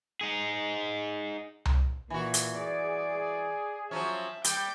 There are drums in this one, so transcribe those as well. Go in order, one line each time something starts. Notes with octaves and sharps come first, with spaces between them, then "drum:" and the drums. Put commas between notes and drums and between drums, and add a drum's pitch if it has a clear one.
D#4 G#4
drum: tom C2
A#2 E3 F#4
drum: hi-hat
G#4 D5
F3 F#3 C#4 E5
G3 G5 D6 G6, drum: hi-hat